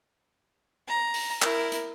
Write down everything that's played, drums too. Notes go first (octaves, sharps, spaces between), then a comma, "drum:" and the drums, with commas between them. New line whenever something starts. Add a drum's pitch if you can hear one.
A#5
drum: open hi-hat
E4 A#4, drum: clap
drum: hi-hat